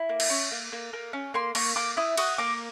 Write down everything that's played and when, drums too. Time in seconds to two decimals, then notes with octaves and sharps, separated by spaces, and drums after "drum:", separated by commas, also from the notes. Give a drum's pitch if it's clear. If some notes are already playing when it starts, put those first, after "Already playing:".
Already playing: E4
0.09 A#3
0.20 drum: cymbal
0.30 C#4
0.51 A#3
0.72 A#3
0.93 A#3
1.13 C#4
1.34 A#3 C6
1.55 A#3 C#6, drum: cymbal
1.76 A#3 D6
1.97 E4 D#6
2.17 F#4 D#6, drum: cymbal
2.38 A#3 D6